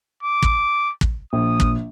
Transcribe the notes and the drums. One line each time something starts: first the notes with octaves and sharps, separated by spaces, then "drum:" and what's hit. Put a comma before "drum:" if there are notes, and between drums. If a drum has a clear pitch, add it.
D6
drum: kick
drum: kick
A#1 D#6
drum: kick